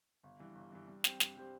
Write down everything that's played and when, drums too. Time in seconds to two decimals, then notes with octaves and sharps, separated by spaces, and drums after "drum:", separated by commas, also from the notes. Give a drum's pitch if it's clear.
0.23 G1
0.40 G2 E3
0.55 G1
0.72 G2 E3
0.88 G2
1.04 G3 C4 G4 C5, drum: snare
1.20 G2, drum: snare
1.36 G3 C4 G4 C5